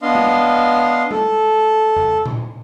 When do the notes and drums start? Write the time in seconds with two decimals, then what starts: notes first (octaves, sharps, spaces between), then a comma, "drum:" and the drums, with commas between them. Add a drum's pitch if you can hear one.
0.02 B3 D4 D#5 F5 C6
0.15 drum: tom G#3
1.11 A4, drum: tom G#3
1.96 drum: tom E2
2.26 drum: tom A#2